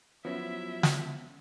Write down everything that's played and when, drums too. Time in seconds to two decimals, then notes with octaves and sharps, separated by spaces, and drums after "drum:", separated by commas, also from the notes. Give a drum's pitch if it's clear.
0.25 F3 F#3 B3 C#4 E4 E5
0.83 drum: snare